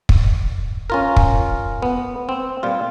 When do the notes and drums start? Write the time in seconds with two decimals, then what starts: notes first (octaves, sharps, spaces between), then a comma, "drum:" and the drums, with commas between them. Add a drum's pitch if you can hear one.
0.09 drum: kick
0.90 C#4 F4 A#4
1.16 drum: kick
1.82 B3
2.29 C4
2.63 A#2 G3 F4